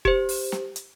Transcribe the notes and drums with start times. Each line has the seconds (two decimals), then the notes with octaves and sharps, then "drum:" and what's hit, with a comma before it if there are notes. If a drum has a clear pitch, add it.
0.05 G4 C5, drum: kick F1
0.29 drum: open hi-hat
0.52 drum: snare
0.76 drum: hi-hat